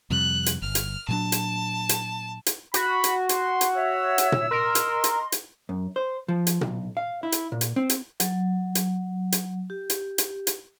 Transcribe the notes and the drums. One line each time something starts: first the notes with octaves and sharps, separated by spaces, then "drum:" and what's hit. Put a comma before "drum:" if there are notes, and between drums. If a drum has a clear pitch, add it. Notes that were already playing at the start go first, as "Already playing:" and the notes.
F2 C3 G3 F#6
drum: hi-hat
G1 F6
drum: hi-hat
A#2 F#3 D4 A5
drum: hi-hat
drum: hi-hat
drum: hi-hat
F#4 B5, drum: hi-hat
drum: hi-hat
C6, drum: hi-hat
drum: hi-hat
C#5 E5 E6
drum: hi-hat
drum: tom A#2
A#4 D#5 C6
drum: hi-hat
drum: hi-hat
drum: hi-hat
F#2
C5
F3
drum: hi-hat
B1, drum: tom A#2
F5
E4
drum: hi-hat
A#2
drum: hi-hat
C4
drum: hi-hat
F#3, drum: hi-hat
drum: hi-hat
drum: hi-hat
G4
drum: hi-hat
drum: hi-hat
drum: hi-hat